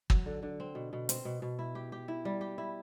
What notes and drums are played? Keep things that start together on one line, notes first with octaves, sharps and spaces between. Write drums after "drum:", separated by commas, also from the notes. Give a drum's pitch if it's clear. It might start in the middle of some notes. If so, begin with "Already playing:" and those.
F#3, drum: kick
D3
D3
C4
B2
B2
C4, drum: hi-hat
B2
B2
E4
G4
G4
E4
G3
G4
E4